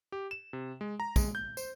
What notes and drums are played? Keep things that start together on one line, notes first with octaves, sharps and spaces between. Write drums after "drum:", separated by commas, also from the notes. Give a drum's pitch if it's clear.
G4
E7
C3
G#3
A#5
G#3, drum: kick, tambourine
G6
C5, drum: tambourine